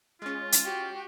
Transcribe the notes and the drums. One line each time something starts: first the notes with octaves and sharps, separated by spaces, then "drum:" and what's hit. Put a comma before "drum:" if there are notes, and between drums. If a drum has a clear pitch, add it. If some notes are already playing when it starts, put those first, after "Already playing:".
G#3 C#4 F4
drum: hi-hat
F#4 G4 G5